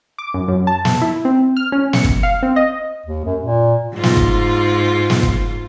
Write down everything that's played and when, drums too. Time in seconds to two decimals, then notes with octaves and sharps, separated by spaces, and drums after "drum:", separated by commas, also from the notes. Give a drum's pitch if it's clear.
0.18 D6
0.34 F#2
0.48 F#2
0.67 A5
0.85 drum: snare
1.02 E4
1.25 C4
1.57 F6
1.72 C#4
1.93 C#7, drum: snare
2.04 drum: kick
2.23 F5
2.43 C4
2.56 D#5
3.06 D#2
3.25 F#2
3.41 A#2
3.94 G#2 F4
4.03 drum: snare
4.17 drum: kick
5.10 drum: snare
5.23 drum: kick